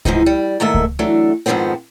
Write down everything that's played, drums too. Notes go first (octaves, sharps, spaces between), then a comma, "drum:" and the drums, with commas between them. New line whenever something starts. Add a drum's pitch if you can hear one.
G#2 B2 E3 F3 D#4, drum: kick C#2
G3
G#2 D#3 A3 A#3 E5
drum: kick C#2
E3 F#3 A3 D4
F2 G#2 D#3 F3 B3 C4